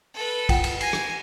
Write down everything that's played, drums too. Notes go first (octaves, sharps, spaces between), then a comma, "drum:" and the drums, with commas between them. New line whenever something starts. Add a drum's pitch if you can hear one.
A4 B4
F4 F#5 G5, drum: kick, cymbal
drum: cymbal
G#5 A#6 C7, drum: cymbal
drum: rim click